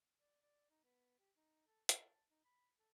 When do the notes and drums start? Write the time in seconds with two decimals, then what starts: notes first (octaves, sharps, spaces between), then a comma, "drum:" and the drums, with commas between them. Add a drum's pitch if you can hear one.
0.18 D5
0.42 D5
0.70 D#4
0.84 B3
1.19 G4
1.36 D#4
1.67 A4
1.89 A5, drum: hi-hat
2.30 D#4
2.45 B5
2.78 A4